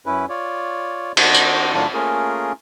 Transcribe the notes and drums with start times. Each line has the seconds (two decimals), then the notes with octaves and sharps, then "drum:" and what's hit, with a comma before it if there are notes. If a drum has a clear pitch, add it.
0.06 F#2 C#4 E4 B4
0.29 F4 C#5 D5
1.17 D#3 D4 F#4 C5, drum: cymbal
1.34 drum: tambourine
1.74 A2 D#3 F#3 D4 F4 A5
1.94 A3 A#3 C#4 F4 G#4 A#4